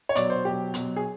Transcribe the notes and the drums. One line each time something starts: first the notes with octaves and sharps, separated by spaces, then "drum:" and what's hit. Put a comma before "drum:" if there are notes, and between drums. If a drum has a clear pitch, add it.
C#5
B2 F#3 D5, drum: hi-hat
C5
B2 F#3 G4
B2 F#3, drum: hi-hat
G#4